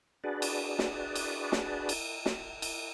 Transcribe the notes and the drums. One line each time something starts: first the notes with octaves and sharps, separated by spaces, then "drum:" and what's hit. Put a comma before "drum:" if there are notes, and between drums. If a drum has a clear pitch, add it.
D4 F#4 G#4 B4 D5
drum: cymbal
drum: snare
drum: cymbal
drum: snare
drum: cymbal
drum: snare
drum: cymbal